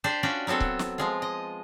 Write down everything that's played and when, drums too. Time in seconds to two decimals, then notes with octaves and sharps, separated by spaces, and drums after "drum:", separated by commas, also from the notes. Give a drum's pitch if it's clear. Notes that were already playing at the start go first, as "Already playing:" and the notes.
0.04 D4 G4 C5 D5
0.23 C#4 D4 F4 F#4 D5 G5
0.47 F#3 B3 C4 A4 C#5
0.60 drum: kick C#1
0.79 drum: snare
0.98 F3 G#3 F4
1.22 D#5